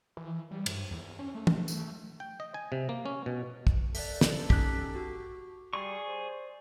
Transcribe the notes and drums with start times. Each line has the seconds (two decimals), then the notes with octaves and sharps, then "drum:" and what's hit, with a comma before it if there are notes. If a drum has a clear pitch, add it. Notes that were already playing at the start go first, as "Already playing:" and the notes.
0.17 E3
0.51 G3
0.66 G2, drum: cymbal
0.91 E2
1.19 C#4
1.35 A3
1.47 drum: tom
1.68 drum: tambourine
2.20 G5
2.40 D#5
2.54 G#5
2.72 C3
2.89 A#3
3.06 C#4
3.26 B2
3.67 drum: kick
3.95 A4 D5 F#6 B6, drum: open hi-hat
4.21 drum: snare
4.50 C#4 D#4 G4 F#6, drum: kick
4.95 F#4 D6
5.73 G3 G#4 D5 C#6 C7
6.06 C5